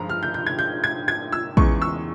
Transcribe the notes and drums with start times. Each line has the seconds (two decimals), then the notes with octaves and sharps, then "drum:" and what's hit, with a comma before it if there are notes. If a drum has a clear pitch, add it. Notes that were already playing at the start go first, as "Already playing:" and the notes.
Already playing: G2 F3 G#3 A#5
0.09 F6
0.23 G6
0.34 G6
0.47 G#6
0.59 G6
0.84 G#6
1.08 G#6
1.32 E6
1.57 E2 C#3 E3 G#3 C#6, drum: kick
1.82 E6